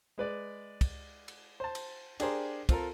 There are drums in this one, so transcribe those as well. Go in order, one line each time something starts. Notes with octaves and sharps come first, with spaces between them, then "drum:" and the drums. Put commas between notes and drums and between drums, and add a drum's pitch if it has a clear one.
G#3 B4 D5
drum: kick, cymbal
drum: cymbal
C5 A5
drum: cymbal
D4 G4 G#4 A#4 C5, drum: cymbal
C4 F4 A4 A#4, drum: kick, cymbal